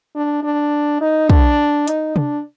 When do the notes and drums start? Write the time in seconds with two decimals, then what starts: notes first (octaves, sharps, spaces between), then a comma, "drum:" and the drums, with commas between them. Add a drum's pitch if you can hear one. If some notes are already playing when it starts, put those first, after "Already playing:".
0.15 D4
0.43 D4
1.01 D#4
1.30 D4, drum: kick
1.88 D#4, drum: hi-hat
2.16 D4, drum: tom